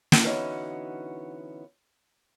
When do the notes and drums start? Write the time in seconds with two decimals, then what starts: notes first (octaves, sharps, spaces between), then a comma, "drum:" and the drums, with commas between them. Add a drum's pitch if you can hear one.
0.12 drum: snare
0.23 D3 E3 B3 C#4 D#4 F#4